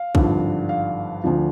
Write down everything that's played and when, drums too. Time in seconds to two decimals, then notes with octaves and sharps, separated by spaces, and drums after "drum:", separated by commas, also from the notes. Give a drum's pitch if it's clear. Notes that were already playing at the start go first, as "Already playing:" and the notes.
Already playing: F5
0.15 G#1 G2 D3 F3, drum: kick A#1
0.69 F5
1.24 D2 D3 F3